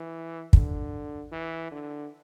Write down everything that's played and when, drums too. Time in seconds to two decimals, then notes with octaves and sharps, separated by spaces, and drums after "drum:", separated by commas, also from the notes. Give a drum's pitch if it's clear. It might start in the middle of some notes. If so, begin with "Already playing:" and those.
Already playing: E3
0.53 D3, drum: kick
1.32 E3
1.72 D3